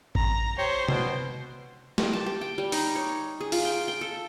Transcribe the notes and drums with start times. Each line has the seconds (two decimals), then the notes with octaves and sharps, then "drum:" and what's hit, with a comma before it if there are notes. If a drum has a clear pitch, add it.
0.15 A#5, drum: kick
0.58 G4 C5 C#5
0.88 B2, drum: tom C3
1.98 G4, drum: snare
2.13 A5
2.26 G4
2.41 G5
2.58 G3
2.72 D#4, drum: open hi-hat
2.95 C#5
3.41 G#4
3.52 F4, drum: open hi-hat
3.65 G5
3.88 G5
4.01 A4